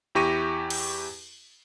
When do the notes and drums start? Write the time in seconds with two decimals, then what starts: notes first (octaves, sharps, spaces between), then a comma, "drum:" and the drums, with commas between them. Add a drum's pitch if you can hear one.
0.15 E2 E4 G4 C#6 A#6 D#7
0.70 drum: cymbal